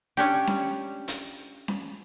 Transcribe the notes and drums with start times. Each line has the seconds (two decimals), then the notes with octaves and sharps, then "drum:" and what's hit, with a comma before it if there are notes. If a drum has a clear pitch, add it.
0.17 C#4 D4 G4
0.47 drum: snare C#4
1.08 drum: hi-hat
1.68 drum: snare C#4